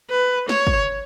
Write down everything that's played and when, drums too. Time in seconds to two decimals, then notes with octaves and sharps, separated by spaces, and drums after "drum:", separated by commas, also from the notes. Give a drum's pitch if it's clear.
0.10 B4
0.49 C#5, drum: snare
0.67 drum: kick